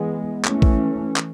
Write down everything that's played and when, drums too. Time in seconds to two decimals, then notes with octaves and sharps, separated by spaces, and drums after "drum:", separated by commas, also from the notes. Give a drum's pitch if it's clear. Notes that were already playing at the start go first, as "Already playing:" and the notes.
Already playing: E3 G#3 B3
0.44 E3 A3 C#4, drum: clap
0.62 drum: kick A#1
1.16 drum: clap